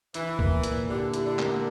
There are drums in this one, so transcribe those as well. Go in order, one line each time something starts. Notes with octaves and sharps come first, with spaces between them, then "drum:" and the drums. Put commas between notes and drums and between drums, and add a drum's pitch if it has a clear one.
E3 E4, drum: hi-hat
A#3, drum: kick
A#2, drum: hi-hat
D3 G4
E4, drum: hi-hat
D3
A#3, drum: clap